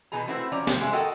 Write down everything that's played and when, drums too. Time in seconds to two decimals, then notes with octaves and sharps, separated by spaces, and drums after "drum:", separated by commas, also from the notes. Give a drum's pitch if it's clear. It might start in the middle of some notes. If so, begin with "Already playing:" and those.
0.12 B2 E3 G#4 A#5
0.28 A3 C4 E4 F#4 B4 C5
0.52 F3 C#4 D5 A#5
0.67 C3, drum: snare
0.81 G#3 F#4 E5
0.93 F#4 A4 A#4 D#5 F#5 G5